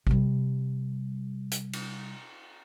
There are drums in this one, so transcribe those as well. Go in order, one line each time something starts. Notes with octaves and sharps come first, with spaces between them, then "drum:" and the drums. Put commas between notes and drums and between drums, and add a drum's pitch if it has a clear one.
C3 G3, drum: kick A1
drum: hi-hat
drum: cymbal